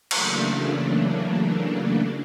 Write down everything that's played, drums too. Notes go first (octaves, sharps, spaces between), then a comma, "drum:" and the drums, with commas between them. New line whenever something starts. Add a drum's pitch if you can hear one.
C#3 E3 F#3 A3 A#3 D4, drum: cymbal